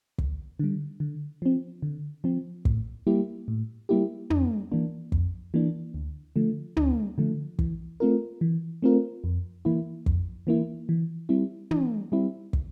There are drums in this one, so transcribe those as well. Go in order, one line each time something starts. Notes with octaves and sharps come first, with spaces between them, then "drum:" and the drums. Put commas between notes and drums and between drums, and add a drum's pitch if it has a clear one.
D2, drum: kick
D3 G3
D3
F3 C4
D3
F3 C4
A2, drum: kick
G3 A#3 E4 G4
A2
G3 A#3 E4 G4
F2, drum: tom
E3 A#3 D4
F2, drum: kick
E3 A#3 D4
D2
D3 F3 A3
D2, drum: tom
D3 F3 A3
E3, drum: kick
A3 C4 F4 A#4
E3
A3 C4 F4 A#4
F2
E3 A#3 E4
F2, drum: kick
E3 A#3 E4
E3
G3 C4 E4
E3, drum: tom
G3 C4 E4
drum: kick